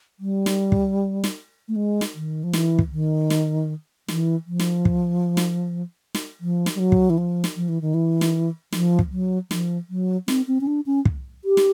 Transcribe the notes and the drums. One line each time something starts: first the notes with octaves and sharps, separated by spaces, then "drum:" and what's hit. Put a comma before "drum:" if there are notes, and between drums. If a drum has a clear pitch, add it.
G3
drum: snare
drum: kick
drum: snare
A3
G#3
drum: snare
D#3
F3
E3, drum: snare
drum: kick
D#3
drum: snare
E3, drum: snare
F3
drum: snare
drum: kick
drum: snare
drum: snare
F3
drum: snare
G3
F#3
drum: kick
E3
F3
drum: snare
F3
E3
D#3
E3
drum: snare
F3, drum: snare
drum: kick
F#3
F3, drum: snare
F#3
C4, drum: snare
C4
C#4
D4
C#4
drum: kick
G4
drum: snare